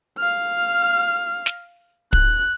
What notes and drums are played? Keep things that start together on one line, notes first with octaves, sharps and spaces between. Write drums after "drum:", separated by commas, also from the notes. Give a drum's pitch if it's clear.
F5 F6
drum: snare
F#6, drum: kick